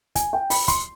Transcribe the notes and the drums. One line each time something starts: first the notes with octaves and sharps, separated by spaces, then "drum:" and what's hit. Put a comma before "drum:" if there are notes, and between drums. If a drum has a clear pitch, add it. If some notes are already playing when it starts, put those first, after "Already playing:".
G#5, drum: kick, hi-hat
G5
B5, drum: open hi-hat
C6, drum: kick, hi-hat